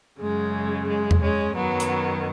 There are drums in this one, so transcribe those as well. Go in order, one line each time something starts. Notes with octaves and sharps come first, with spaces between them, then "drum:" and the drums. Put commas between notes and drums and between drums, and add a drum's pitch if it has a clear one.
F#2 C#3 G#3
G#3
drum: tom E2
G#3 C#4
F#2 D#3 F#3 B3
drum: hi-hat